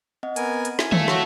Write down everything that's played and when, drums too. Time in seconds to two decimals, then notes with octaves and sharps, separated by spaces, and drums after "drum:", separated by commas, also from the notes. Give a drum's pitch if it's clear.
0.23 C4 D#5 F#5
0.36 B3 A#4 G#5, drum: hi-hat
0.65 drum: hi-hat
0.79 E4 A4 E5 G#5, drum: snare
0.92 E4 A4 E5 F5, drum: tom
1.08 F#4 C#5, drum: snare